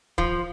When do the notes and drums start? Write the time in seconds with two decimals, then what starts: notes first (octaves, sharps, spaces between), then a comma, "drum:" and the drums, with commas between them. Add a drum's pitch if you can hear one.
0.18 F3, drum: kick